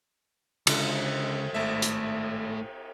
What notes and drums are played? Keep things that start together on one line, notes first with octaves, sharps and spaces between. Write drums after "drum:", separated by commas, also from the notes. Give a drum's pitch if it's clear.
C#2 D3, drum: cymbal
G#1 A2 E5
drum: hi-hat